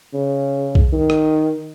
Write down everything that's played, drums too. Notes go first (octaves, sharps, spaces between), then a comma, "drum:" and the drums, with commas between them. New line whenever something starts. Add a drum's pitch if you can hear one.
C#3
drum: kick B1
D#3
drum: rim click